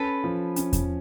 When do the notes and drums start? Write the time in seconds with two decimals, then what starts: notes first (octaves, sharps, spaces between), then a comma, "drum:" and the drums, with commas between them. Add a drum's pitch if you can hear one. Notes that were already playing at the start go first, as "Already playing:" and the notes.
Already playing: C#4 A4 B4
0.24 F3
0.56 C#4, drum: hi-hat
0.73 drum: kick E2, hi-hat